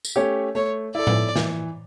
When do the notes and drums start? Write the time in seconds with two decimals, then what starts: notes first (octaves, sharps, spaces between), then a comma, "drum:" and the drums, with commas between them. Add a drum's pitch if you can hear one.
0.05 drum: tambourine
0.16 A3 C#4 G4 C#5
0.55 A3 C#5
0.95 E4 A4 D5
1.07 drum: tom A2
1.36 E3, drum: snare